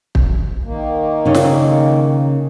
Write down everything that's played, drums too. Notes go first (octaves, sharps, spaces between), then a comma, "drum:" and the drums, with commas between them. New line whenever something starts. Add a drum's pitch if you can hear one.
drum: kick
D#3 A#3
C#3 D#4
drum: snare